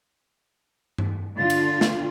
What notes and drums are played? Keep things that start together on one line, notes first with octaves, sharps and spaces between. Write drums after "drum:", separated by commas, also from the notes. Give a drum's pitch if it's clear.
drum: tom G2
D3 F4 A6
drum: cymbal
drum: snare